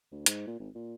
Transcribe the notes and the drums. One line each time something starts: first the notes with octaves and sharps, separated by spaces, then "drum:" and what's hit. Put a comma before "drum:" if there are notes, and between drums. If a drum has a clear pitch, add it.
D2
G#2, drum: hi-hat
A#2
G#1
A#2